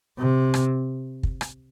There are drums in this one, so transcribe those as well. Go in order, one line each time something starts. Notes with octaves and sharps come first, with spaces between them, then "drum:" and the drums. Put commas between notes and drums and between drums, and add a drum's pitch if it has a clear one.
C3
drum: rim click
drum: kick
drum: rim click